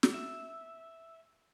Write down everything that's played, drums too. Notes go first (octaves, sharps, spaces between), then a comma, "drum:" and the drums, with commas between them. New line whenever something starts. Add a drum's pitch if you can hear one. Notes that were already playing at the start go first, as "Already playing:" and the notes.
drum: snare
E5